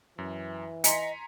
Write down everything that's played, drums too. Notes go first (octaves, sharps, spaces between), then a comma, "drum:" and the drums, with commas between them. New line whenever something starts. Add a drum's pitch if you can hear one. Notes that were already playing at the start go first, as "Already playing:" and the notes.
F#2 E3
D#5 G#5 A#5 C6 B6 C#7, drum: hi-hat